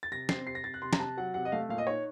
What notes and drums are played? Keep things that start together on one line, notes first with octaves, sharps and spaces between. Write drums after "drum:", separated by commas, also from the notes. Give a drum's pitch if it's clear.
A6
C3 A#6
C4 C7, drum: snare
C3 C7
A#6
C3 A6
F#6
C3 C6
A#5, drum: snare
C3 A5
F#3 F#5
C3 F#5
D#5
A3 F5
A#2 F5
D#5
D#4 C#5